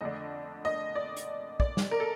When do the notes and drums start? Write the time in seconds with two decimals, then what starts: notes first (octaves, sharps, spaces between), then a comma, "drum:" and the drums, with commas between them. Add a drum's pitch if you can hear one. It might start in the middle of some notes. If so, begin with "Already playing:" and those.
0.01 F2 D3 A3 D4 D#5
0.65 D#5
0.95 D5
1.17 drum: hi-hat
1.60 D5, drum: kick
1.77 drum: snare
1.91 A#4
2.00 A4